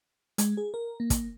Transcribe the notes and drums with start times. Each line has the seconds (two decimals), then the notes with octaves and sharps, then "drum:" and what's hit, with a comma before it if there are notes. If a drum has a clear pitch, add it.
0.38 G#3, drum: hi-hat
0.57 G#4
0.74 A#4
1.00 A#3
1.10 drum: kick, hi-hat